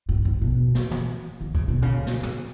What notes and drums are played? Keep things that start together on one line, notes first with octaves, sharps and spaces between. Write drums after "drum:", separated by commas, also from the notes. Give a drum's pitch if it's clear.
G#2
G#2
B2
drum: snare
drum: tom
D#3
C#3, drum: kick C2
B2
C#3
drum: snare
drum: tom